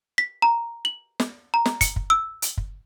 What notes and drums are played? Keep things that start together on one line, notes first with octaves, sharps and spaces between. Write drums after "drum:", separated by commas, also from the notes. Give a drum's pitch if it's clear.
B6
A#5
F#7
drum: snare
A#5
drum: snare
C#7, drum: kick, hi-hat
drum: kick
E6
drum: hi-hat
drum: kick